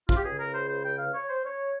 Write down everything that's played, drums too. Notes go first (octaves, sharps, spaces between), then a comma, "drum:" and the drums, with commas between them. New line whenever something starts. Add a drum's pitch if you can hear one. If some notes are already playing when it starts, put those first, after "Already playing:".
F4, drum: kick A1
G4
C#2 C#3 G#4
A#4
C5
C5
G5
F5
C#5
C5
C#5